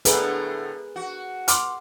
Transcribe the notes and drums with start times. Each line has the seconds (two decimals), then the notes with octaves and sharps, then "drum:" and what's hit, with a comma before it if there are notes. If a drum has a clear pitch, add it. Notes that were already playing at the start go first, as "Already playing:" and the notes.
0.05 A2 D3 A3 G#4 A#4 B4, drum: hi-hat
0.96 F#4
1.48 C6 D6 F6, drum: hi-hat